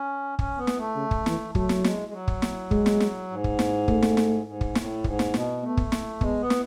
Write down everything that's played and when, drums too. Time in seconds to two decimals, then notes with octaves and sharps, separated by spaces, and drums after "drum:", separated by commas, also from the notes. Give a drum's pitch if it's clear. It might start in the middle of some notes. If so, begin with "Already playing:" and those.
Already playing: C#4
0.39 C#4, drum: kick
0.57 B3
0.67 drum: snare
0.77 A3
0.96 C#3
1.11 drum: kick
1.26 E3, drum: snare
1.55 F#3 A3, drum: kick
1.69 drum: snare
1.84 G#3, drum: snare
2.09 G#3
2.13 F#3
2.28 drum: kick
2.42 drum: snare
2.71 G#3, drum: kick
2.86 drum: snare
3.00 drum: snare
3.30 G#2
3.44 drum: kick
3.59 drum: snare
3.88 A3, drum: kick
4.02 drum: snare
4.17 drum: snare
4.46 G#2
4.61 drum: kick
4.75 A2, drum: snare
5.04 G#2, drum: kick
5.19 drum: snare
5.34 B2, drum: snare
5.62 A3 B3
5.77 drum: kick
5.92 drum: snare
6.21 G#3 B3, drum: kick
6.41 B3
6.50 drum: snare